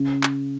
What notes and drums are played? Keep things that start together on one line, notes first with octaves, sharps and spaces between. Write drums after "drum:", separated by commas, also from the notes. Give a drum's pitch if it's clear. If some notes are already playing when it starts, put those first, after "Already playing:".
Already playing: C#3
drum: clap